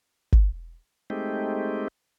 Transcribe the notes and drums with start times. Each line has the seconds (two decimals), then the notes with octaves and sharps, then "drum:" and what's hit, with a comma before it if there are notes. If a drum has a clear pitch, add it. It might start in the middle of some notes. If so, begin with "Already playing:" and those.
0.32 drum: kick G1
1.10 G#3 A3 C4 D#4 G4